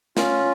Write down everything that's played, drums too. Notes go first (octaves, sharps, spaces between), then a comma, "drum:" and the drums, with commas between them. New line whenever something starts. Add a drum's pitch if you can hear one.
C#4 F4, drum: snare